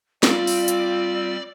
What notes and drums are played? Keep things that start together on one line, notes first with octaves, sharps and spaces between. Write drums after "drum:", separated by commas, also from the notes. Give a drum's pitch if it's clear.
G3 C4 F4 D5, drum: snare
drum: open hi-hat
drum: hi-hat